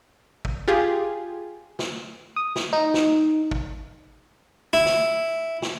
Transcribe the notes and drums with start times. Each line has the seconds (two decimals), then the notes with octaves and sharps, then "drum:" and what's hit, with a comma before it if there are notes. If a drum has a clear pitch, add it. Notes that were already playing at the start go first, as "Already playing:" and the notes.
0.45 drum: kick
0.68 F4 G4 G#4
1.79 drum: snare
2.36 D#6
2.56 drum: snare
2.73 D#4
2.94 drum: snare
3.51 drum: kick
4.73 E4
4.86 drum: snare
5.62 drum: snare